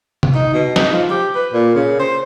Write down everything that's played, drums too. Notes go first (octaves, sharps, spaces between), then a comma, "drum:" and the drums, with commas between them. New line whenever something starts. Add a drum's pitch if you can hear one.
drum: tom C3
D#4
B2
D#4, drum: snare
F3
G4
B4
A#2
C#3
C5